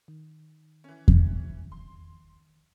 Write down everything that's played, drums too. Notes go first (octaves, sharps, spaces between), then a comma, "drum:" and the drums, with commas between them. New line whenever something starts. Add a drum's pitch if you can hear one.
D#3
E3 C#4
drum: kick E2
C6